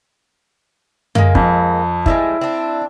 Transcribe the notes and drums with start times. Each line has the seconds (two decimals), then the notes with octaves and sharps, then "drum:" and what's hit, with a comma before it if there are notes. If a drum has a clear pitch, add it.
1.15 G#3 A#3, drum: tom F#2
1.35 F2, drum: kick
2.06 F3 G3 G#3 E4, drum: kick
2.41 C4 D4